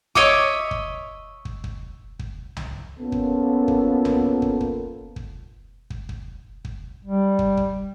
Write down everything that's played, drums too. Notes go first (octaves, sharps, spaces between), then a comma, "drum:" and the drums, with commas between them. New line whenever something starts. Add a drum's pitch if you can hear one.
C#5 D#5 E5 D6, drum: kick
drum: kick
drum: kick
drum: kick
drum: kick
drum: tom C2
A#3 B3 C#4 F4 A4 A#4
drum: kick
drum: kick
drum: tom C2
drum: kick
drum: kick
drum: kick
drum: kick
drum: kick
drum: kick
G3
drum: kick
drum: kick